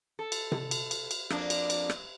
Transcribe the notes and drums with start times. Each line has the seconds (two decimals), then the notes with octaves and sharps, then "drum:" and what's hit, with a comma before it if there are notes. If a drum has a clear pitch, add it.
0.19 A4
0.32 drum: cymbal
0.52 drum: tom C3
0.71 drum: cymbal
0.91 drum: cymbal
1.11 drum: cymbal
1.30 F2 A#3 D4, drum: rim click
1.50 drum: cymbal
1.70 drum: cymbal
1.90 drum: rim click